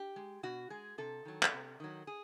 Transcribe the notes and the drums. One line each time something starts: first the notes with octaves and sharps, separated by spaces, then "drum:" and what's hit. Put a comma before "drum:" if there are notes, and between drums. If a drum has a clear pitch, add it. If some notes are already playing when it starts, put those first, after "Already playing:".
Already playing: G4
G#3
B2 F#4
G#3 G#4
C3 A4
D#3 F#3
drum: clap
C3
D#3 F#3
G#4